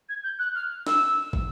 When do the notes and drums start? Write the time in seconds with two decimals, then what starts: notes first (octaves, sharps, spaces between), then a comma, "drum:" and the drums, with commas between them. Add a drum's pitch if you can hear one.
0.09 G#6
0.23 G6
0.39 F#6
0.55 F6
0.87 E6, drum: snare
1.33 drum: kick